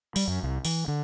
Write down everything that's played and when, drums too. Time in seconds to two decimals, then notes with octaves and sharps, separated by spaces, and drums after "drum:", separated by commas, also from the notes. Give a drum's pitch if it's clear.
0.16 G3, drum: open hi-hat
0.28 F#2
0.43 C2
0.65 E3, drum: open hi-hat
0.88 D3